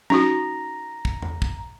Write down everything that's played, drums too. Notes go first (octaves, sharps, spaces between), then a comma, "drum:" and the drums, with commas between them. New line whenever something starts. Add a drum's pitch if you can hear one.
C#4 D#4 F#4 A#5, drum: tom F#3
drum: kick
drum: tom E2
drum: kick